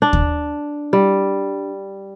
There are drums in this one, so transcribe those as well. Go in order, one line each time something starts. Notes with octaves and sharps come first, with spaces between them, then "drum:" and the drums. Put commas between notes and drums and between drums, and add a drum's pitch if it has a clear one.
D4
drum: kick D#2
G3